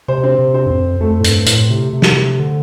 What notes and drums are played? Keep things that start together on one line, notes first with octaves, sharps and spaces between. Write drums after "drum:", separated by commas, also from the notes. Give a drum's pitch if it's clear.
C3 C5
C4 C5
C3
C4 C5
G2
F2
F2 A3 A4
A2
G2, drum: hi-hat
A2, drum: hi-hat
C3
C3
drum: snare
D3